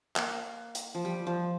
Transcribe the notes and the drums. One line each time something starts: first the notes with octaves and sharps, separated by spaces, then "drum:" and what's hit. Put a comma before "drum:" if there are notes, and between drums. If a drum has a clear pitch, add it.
A#3, drum: clap
drum: hi-hat
F3
G3
F3